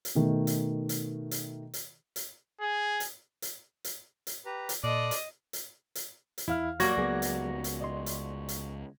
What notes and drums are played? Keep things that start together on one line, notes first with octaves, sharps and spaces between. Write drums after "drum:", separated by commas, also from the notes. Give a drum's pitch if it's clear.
drum: hi-hat
B2 D#3 A3
drum: hi-hat
drum: hi-hat
drum: hi-hat
drum: hi-hat
drum: hi-hat
G#4
drum: hi-hat
drum: hi-hat
drum: hi-hat
drum: hi-hat
G4 B4 A#5
drum: hi-hat
A#2 A4 D5 D#5 C6 F#6
drum: hi-hat
drum: hi-hat
drum: hi-hat
drum: hi-hat
E2 E4 F5 F6
F#3 G3 A#3 F#4 C#6 G#6 A#6, drum: hi-hat
C#2 F#3 B3 G#4
drum: hi-hat
drum: hi-hat
D5 D#5 C6
drum: hi-hat
drum: hi-hat